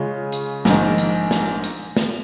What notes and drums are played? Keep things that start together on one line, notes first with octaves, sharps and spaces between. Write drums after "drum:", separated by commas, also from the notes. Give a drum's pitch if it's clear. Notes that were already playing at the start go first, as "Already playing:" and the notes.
Already playing: C#3 G#3 F4 C#5
drum: hi-hat
A#1 G#2 D#3, drum: snare
drum: hi-hat
drum: snare
drum: hi-hat
drum: snare